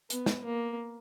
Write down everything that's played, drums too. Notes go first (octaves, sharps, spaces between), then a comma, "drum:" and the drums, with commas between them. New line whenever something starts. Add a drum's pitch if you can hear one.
B3, drum: hi-hat
drum: snare
A#3